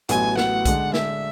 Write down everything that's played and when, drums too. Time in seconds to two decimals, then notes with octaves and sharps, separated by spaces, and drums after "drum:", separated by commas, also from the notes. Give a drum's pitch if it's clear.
0.09 A1 A2 F#3 B3 G#5, drum: hi-hat
0.37 F#5, drum: snare
0.65 D3 G#3 D4, drum: kick B1, hi-hat
0.94 E5, drum: snare